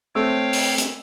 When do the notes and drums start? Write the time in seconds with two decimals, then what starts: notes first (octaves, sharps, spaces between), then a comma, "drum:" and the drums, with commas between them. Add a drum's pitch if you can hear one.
0.15 A3 C4 C#5 F5 G5 E6
0.53 drum: open hi-hat
0.78 drum: hi-hat